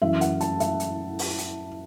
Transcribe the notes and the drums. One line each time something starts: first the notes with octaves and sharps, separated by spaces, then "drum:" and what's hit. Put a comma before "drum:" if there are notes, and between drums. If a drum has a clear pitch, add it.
F#2 E3 E5
F#5, drum: hi-hat
A5, drum: hi-hat
E5, drum: hi-hat
drum: hi-hat
drum: open hi-hat
drum: hi-hat